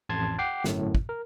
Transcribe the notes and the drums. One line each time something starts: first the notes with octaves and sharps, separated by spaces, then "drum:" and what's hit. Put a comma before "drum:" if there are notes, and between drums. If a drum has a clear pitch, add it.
A1 F2 A5 C6 G#6 A6
F#5 G5 D6 C7
G1 F#2 A2, drum: snare
drum: kick
A#4